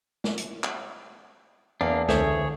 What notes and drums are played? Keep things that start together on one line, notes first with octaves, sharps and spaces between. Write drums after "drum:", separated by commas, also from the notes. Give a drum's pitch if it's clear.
drum: snare
drum: hi-hat
drum: clap
E2 A#3 D4 F5
C#2 D3 G#4 A4 C5 C#5 E5, drum: snare